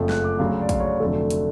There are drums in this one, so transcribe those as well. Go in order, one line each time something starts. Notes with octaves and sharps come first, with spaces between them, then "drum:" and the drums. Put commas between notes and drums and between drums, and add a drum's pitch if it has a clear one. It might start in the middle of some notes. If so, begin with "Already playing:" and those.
Already playing: F#1 F2 C#3 F3 A3
F#6, drum: snare
D6
D2 C#3 F#3 F5
D5
F5, drum: kick A#1, hi-hat
C#5
D5
F1 F2 D3 F#3 A3
drum: hi-hat